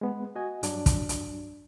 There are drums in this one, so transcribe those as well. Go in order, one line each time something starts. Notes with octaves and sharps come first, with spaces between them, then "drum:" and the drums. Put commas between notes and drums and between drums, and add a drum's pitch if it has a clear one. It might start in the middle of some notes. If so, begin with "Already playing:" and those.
G#3 B3
F#4 D#5 G#5
G2 F#3 D4, drum: hi-hat
drum: kick, hi-hat
drum: hi-hat